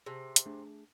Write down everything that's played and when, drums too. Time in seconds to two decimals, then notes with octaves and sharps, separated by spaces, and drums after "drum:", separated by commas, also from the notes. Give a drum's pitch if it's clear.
0.06 C3 G#4 C5 A5
0.36 drum: hi-hat
0.46 A3 D4 G#4